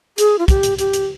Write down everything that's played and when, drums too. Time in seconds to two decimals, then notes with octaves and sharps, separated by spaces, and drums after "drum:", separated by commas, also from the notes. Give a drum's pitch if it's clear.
0.18 G#4, drum: hi-hat
0.39 F4
0.48 G4, drum: kick, hi-hat
0.63 drum: hi-hat
0.78 G4, drum: hi-hat
0.93 drum: hi-hat